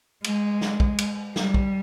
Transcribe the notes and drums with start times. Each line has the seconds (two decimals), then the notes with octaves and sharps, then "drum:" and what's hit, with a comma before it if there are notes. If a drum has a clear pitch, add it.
0.24 G#3, drum: cymbal
0.61 drum: snare
0.80 drum: kick
0.99 drum: cymbal
1.36 G3, drum: snare
1.54 drum: kick